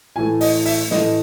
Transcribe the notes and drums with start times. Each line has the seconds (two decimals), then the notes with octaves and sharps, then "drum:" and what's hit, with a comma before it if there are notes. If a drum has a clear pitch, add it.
0.16 A2 E3 A3 G#5
0.41 D#5, drum: open hi-hat
0.66 E5, drum: open hi-hat
0.91 A2 E3 A3 D#5, drum: snare